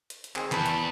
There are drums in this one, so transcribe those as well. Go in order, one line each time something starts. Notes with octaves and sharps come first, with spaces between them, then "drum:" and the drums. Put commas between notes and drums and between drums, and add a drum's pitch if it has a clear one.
drum: hi-hat
drum: hi-hat
D#3 C4 G#4, drum: clap
E2 A5 B5, drum: clap
drum: hi-hat